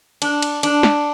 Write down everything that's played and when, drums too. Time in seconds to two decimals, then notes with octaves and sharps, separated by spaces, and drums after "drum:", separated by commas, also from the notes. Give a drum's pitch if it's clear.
0.22 D4, drum: cymbal
0.42 drum: cymbal
0.63 D4, drum: cymbal
0.83 drum: snare